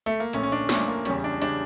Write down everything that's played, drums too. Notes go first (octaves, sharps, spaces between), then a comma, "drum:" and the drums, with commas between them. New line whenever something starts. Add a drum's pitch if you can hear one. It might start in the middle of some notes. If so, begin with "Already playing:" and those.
A3
A#3
A#1 A#2 A3 C#4, drum: hi-hat
C#4
D4
A#1 A#2 A3 C#4, drum: snare
A#3
E2 C#3 G3 C#4, drum: hi-hat
D4
C#3 G3 D4, drum: hi-hat